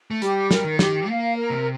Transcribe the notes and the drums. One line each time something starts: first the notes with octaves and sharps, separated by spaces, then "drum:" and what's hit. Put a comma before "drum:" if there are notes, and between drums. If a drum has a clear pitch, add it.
A3
G3 G4, drum: hi-hat
A#4, drum: snare
D#3
G4, drum: snare
A#3 F5
A#4
C3